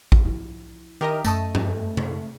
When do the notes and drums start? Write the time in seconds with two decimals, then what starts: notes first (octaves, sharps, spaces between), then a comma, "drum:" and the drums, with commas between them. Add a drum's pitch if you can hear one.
0.12 drum: kick A1
0.25 F3 E4
1.01 D#3 G4 A#4 D#5 E5 A#5
1.24 F#2 A3 D#5 A5 D#6, drum: tambourine
1.55 drum: tom G2
1.97 drum: tom C3